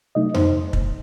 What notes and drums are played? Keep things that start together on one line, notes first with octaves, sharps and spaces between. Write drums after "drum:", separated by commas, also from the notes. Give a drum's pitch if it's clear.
C3 F#3 A3 D#4 D#5
C5, drum: tom F2
drum: kick